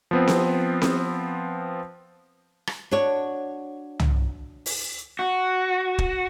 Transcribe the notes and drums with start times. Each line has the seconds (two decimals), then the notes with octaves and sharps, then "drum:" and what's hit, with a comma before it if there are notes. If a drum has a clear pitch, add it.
0.11 F3 B3 C4
0.28 drum: snare C4
0.82 drum: snare C4
2.67 drum: rim click
2.91 D4 F#4 C#5
3.99 drum: tom
4.66 drum: open hi-hat
5.19 F#4
5.98 drum: kick